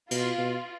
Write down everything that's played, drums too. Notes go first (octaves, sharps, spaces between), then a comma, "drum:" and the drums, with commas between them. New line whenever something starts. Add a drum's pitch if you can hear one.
B2 F4, drum: cymbal
B2